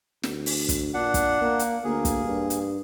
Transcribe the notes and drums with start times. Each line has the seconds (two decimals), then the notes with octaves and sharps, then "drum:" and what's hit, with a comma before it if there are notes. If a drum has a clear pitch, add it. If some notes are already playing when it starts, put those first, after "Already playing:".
0.23 D2, drum: snare
0.46 drum: open hi-hat
0.69 drum: kick, hi-hat
0.94 A#2 D4 F#5
1.14 drum: kick, hi-hat
1.42 A#3
1.59 drum: hi-hat
1.84 D2 A#3 G#4
2.05 drum: kick, hi-hat
2.25 G2
2.50 drum: hi-hat